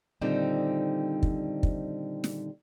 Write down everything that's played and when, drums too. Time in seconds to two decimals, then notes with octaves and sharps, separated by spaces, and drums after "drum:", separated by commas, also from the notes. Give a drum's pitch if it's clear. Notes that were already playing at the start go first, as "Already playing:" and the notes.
0.21 A#2 D3 D#3 G3 C4 D#4
1.23 drum: kick
1.63 drum: kick
2.24 drum: snare